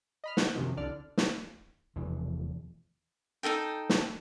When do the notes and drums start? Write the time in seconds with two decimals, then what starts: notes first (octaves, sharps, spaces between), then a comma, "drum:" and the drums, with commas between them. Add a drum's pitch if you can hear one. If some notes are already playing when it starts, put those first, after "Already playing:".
0.24 D#5 B5 F6
0.37 F#5 G6 G#6, drum: snare
0.54 F#2 C3 D#3 F3
0.77 C2 D3 D5 F6
1.17 drum: snare
1.96 F1 E2 B2 E3
3.43 D#4 E4 A4 G5
3.89 drum: snare